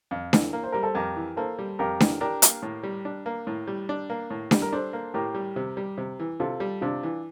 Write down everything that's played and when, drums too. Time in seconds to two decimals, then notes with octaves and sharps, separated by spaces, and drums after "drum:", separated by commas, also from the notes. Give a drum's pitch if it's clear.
0.11 F2
0.33 E3, drum: snare D4
0.53 A#3
0.63 C5
0.72 G3 A#4
0.83 A4 C5
0.95 F2 G4 A#4
1.16 E3
1.36 A#3 A4 C5
1.59 G3
1.79 F2 G4 A#4
2.00 E3, drum: snare D4
2.21 D4 G4 A#4
2.42 A#3, drum: hi-hat
2.62 A2
2.83 G3
3.05 D4
3.26 A#3
3.47 A2
3.67 G3
3.89 D4
4.10 A#3
4.30 A2
4.51 G3, drum: snare D4
4.62 A#4
4.72 D4 A4 C5
4.93 A#3
5.14 A2 G4 A#4
5.35 G3
5.56 C3
5.77 G3
5.98 C3
6.20 E3
6.40 C3 F4 A4
6.60 G3
6.81 C3 D4 F4
7.03 E3